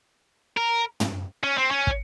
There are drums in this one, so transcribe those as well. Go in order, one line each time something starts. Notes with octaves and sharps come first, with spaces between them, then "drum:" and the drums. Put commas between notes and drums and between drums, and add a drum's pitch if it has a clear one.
A#4
drum: tom
C#4
C4
C#4
drum: kick